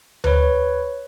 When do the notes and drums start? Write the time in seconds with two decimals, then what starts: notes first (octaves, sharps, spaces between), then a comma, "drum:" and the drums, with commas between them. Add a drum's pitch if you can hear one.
0.24 B4 C#5, drum: tom D2